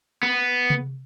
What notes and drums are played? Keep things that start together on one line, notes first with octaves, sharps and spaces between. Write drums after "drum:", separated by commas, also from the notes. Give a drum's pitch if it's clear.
B3
drum: tom C3